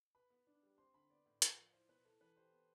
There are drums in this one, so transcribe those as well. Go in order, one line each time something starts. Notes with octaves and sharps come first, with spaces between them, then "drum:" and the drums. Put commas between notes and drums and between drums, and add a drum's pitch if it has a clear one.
B4 B5
B3
D4
G3
C4 C6
D3 B5
B3 D5
A2
F4, drum: hi-hat
F3
E4 C5
B2 B4
E4 A4
E3 B4
G4 C5
B3